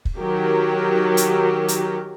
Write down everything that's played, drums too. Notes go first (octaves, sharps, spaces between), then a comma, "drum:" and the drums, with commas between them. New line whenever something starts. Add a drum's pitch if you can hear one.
drum: kick
D#3 F#3 G4 A#4
drum: hi-hat
drum: hi-hat